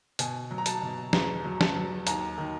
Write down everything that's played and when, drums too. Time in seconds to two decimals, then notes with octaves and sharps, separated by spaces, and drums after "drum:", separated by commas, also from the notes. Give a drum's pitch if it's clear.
0.19 B2 G#5, drum: hi-hat
0.51 F#3
0.58 A#5
0.66 A5, drum: hi-hat
0.82 B2
1.13 E2 A#5, drum: snare
1.44 F#3
1.61 A5, drum: snare
1.76 F#3
2.07 D#2 A#5, drum: hi-hat
2.38 D#3